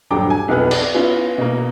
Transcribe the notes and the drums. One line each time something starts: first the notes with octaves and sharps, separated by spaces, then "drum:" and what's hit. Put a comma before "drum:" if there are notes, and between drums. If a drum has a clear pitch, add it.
D#1 G2 F#3 G5 A#5 D6
G#5
B1 F2 B3 F#6
D5, drum: cymbal
B3 C#4 E4 F4
B2 A#3